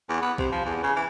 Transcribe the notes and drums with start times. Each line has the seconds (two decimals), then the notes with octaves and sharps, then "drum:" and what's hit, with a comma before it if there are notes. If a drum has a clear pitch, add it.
0.09 E2
0.22 B3
0.38 C3, drum: kick B1
0.52 F3
0.65 E2
0.83 C#3
0.96 E3